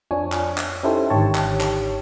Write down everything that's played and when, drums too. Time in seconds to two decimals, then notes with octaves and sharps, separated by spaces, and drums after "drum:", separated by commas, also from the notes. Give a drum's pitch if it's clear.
0.11 F2 F3 D4 C#5 G#5
0.32 drum: clap
0.58 drum: clap
0.83 C#4 D#4 E4 G4 A4 C5
1.10 G#1 D3 D#3 G4 C#5 A5
1.35 drum: clap
1.61 drum: clap